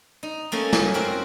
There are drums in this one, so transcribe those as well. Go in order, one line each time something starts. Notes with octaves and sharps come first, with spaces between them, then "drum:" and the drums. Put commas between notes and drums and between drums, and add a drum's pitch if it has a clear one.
D#4
A3 A#3 C#4 D#5 G#5
F#2, drum: snare
C4 F#4 A#4